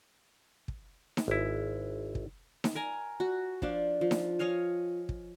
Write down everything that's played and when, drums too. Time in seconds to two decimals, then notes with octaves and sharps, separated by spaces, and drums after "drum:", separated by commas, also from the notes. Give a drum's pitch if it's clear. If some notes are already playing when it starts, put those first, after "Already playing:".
0.68 drum: kick
1.17 drum: snare D#4
1.28 G#1 E4
2.15 drum: kick
2.64 drum: snare D#4
2.75 A#4 G#5 A#5
3.20 F#4
3.62 F3 D4 F4, drum: kick
4.01 F3
4.11 drum: snare D#4
4.39 C#5 D#5 F5 G#5
5.09 drum: kick